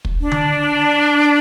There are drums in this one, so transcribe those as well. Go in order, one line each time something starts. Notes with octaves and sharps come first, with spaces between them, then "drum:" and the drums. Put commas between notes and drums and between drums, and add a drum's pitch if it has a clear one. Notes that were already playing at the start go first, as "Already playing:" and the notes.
drum: kick
D4
drum: tom D3